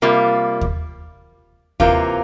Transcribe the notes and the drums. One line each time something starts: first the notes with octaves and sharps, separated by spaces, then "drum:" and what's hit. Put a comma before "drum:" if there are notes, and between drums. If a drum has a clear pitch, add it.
C3 G3 A#3 F4
drum: kick D#2
C3 E3 A#3 F4, drum: kick D#2